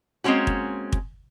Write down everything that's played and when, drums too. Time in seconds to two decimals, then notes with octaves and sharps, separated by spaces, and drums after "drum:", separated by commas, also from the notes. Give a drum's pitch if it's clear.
0.24 G#3 A#3 C4 C#4 F#4
0.47 drum: kick
0.92 drum: kick